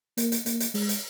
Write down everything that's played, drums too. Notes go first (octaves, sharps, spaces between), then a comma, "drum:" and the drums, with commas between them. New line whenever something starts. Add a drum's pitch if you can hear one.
A#3, drum: hi-hat
drum: hi-hat
A#3, drum: hi-hat
drum: hi-hat
G#3, drum: open hi-hat
drum: hi-hat